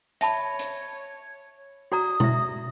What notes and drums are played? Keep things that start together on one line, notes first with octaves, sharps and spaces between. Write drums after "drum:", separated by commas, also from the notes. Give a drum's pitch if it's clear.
C#5 E5 A5 B5, drum: hi-hat
drum: hi-hat
F#4 D5 A#5 D#6
E4 E5, drum: tom B2